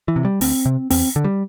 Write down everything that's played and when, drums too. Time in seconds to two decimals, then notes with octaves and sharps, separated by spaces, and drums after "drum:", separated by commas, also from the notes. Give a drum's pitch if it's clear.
0.08 E3
0.16 C3
0.25 G3
0.41 D2 C4, drum: open hi-hat
0.65 C3
0.90 E2 C4, drum: open hi-hat
1.16 D3
1.24 G3